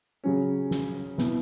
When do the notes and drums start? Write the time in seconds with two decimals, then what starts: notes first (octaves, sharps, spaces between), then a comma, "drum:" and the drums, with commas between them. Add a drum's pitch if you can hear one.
0.24 C#3 F#3 C#4
0.71 drum: snare
1.18 B2 B3 E4, drum: snare